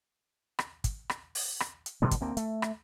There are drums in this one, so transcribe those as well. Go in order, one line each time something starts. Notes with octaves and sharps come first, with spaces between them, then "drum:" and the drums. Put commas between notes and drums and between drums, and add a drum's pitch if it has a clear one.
drum: rim click
drum: kick, hi-hat
drum: rim click
drum: open hi-hat
drum: rim click
drum: hi-hat
B2 D3 G3 B3
drum: kick, hi-hat
D2 A#3 C4
A3, drum: hi-hat
drum: rim click